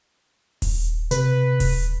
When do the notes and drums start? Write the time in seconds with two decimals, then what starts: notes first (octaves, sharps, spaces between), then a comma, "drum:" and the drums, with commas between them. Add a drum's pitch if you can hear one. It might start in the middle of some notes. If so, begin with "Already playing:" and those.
0.62 drum: kick D#1, open hi-hat
1.11 C3 B4, drum: hi-hat
1.60 drum: kick D#1, open hi-hat